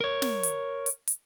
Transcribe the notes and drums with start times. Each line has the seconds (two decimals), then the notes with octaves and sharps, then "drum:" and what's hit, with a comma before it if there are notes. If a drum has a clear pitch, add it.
0.01 A#4 C#5
0.22 drum: snare
0.43 drum: hi-hat
0.86 drum: hi-hat
1.07 drum: hi-hat